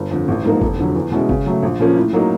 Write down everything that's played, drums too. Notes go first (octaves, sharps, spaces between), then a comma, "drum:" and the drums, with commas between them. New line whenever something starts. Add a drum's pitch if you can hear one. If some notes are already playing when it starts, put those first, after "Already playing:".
Already playing: G1
F2 D3
A1
G#2 F3 A#3 D#4
F1, drum: kick
F2 D3 F#3
E2
B2 G#3 C#4 E4
C#3, drum: kick
F#3 A3
A#1
A#2 F3 A#3 C#4
A2
F#3 A#3 D#4